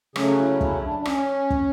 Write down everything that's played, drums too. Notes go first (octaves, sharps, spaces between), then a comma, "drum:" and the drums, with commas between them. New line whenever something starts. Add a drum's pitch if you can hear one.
C#3 F#3 A3 C#4 G#4, drum: rim click
F#4
E4
E4
E4, drum: kick
D4
D4
C#4, drum: rim click
drum: kick